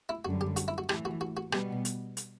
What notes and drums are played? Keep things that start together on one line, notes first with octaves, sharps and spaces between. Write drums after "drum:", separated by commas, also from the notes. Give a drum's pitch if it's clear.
E4
F#2 D3 G3 F#4
G4
F#4, drum: hi-hat
E4
F#4
A2 E3 A3 G4, drum: rim click
F#4
F#4
F#4
B2 G3 B3 G4, drum: rim click
drum: hi-hat
drum: hi-hat